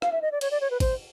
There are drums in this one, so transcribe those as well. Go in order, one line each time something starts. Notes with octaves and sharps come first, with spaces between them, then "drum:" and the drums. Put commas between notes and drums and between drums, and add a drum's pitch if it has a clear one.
F5, drum: rim click
E5
D#5
D5
C#5, drum: cymbal
D5
C#5
B4
C5, drum: kick G#1, cymbal